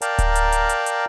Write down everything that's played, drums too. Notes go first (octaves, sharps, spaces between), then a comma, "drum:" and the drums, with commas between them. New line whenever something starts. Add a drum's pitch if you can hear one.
A#4 D5 F5 G5 A5 A#5, drum: hi-hat
drum: kick D1, hi-hat
drum: hi-hat
drum: hi-hat
drum: hi-hat
drum: hi-hat